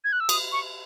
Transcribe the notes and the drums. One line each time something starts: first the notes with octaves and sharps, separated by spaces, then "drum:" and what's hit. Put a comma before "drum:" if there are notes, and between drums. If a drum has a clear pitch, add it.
G#6
F#6
E6
D#6, drum: cymbal
C#6